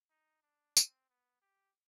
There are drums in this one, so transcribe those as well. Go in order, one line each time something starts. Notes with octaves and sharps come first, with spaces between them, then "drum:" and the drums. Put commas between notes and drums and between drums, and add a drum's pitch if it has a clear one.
D#4
D4
C4, drum: tambourine
B3
G4